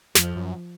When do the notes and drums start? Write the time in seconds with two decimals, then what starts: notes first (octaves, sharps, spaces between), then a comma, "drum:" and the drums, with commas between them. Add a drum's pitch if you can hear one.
0.15 F2 F3, drum: snare
0.36 F#2